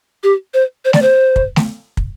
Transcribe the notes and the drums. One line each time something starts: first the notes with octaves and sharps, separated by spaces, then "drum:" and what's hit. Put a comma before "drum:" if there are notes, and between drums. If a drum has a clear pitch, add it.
G4
C5
C5
D5, drum: snare
C5
drum: kick
drum: snare
drum: kick